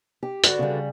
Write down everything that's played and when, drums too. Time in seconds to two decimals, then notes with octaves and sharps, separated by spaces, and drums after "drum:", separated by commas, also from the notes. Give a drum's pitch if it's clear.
0.23 G4
0.44 D3 B3 F#4, drum: hi-hat
0.59 C#3 G3